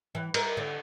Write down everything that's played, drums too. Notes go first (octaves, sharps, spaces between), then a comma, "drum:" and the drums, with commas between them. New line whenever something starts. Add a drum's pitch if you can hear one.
E3
A#4, drum: cymbal
D3